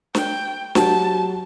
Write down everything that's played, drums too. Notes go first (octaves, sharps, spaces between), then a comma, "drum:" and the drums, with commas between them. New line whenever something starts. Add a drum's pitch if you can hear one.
G5, drum: snare
F#3 F#4 G4 A5, drum: snare